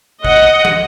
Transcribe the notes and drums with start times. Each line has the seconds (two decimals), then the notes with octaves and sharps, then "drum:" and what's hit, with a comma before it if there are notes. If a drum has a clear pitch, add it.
0.25 D#5 F#5, drum: kick
0.65 drum: tom